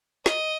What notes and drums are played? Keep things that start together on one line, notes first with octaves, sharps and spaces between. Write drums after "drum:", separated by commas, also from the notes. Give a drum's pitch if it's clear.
D#5, drum: snare